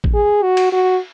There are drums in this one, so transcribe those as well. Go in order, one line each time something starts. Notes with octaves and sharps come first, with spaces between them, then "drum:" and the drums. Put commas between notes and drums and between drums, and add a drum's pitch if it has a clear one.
drum: kick
G#4
F#4
drum: cymbal
F#4